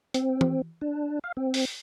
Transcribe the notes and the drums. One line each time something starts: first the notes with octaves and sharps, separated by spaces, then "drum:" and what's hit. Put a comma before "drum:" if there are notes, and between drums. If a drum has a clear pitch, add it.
C4, drum: hi-hat
drum: tom E3
D4
F5
C4
drum: open hi-hat